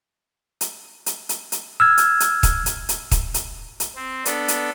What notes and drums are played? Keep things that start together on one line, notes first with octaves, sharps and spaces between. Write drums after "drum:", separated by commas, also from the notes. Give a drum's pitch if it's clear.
drum: hi-hat
drum: hi-hat
drum: hi-hat
drum: hi-hat
E6 F6 G#6
drum: hi-hat
drum: hi-hat
drum: kick, hi-hat
drum: hi-hat
drum: hi-hat
drum: kick, hi-hat
drum: hi-hat
drum: hi-hat
C4
B3 D4 A4, drum: hi-hat
drum: hi-hat